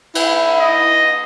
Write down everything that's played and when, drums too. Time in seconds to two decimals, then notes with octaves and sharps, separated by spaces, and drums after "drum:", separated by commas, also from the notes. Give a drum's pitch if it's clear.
0.15 E4, drum: cymbal
0.60 D#5